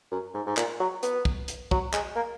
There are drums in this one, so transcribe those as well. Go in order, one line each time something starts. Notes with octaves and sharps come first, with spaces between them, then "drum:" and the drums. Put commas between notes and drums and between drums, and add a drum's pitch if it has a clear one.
F#2
G#2
G#2
A#2, drum: clap
F#3
B3, drum: hi-hat
drum: kick
drum: hi-hat
F#3, drum: kick
G#3, drum: clap
A#3